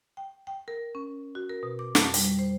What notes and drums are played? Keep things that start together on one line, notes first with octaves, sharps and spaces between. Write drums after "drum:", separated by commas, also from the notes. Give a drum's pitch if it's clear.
G5
G5
A#4
C#4
F#4
A#4
B2
D6
F2, drum: snare
G3, drum: hi-hat
C5